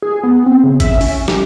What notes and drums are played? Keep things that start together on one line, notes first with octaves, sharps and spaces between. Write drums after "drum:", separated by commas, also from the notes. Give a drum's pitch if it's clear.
G#4
B3
C4
C#3
E5, drum: kick, hi-hat
C#4, drum: open hi-hat
G4, drum: snare